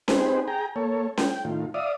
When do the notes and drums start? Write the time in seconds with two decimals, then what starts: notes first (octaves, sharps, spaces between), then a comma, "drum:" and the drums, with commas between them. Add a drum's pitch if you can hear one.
0.08 C4 D#4 G4 G#4 B4 C5, drum: snare C#4
0.48 G#4 G5 A#5
0.76 A#3 A4 C#5
1.17 G5, drum: snare C#4
1.45 A2 D#3 F4
1.74 D5 E5 F5 D#6